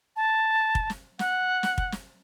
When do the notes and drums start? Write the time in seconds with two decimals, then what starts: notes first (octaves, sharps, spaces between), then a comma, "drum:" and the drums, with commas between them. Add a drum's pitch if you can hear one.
0.16 A5
0.75 drum: kick
0.90 drum: snare
1.19 F#5, drum: snare
1.63 drum: snare
1.78 drum: kick
1.92 drum: snare